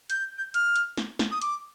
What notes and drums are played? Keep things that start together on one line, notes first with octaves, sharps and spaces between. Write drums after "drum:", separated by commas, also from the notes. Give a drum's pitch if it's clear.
G6, drum: hi-hat
G6
F6, drum: hi-hat
drum: hi-hat
drum: snare
drum: snare
D#6
D6, drum: hi-hat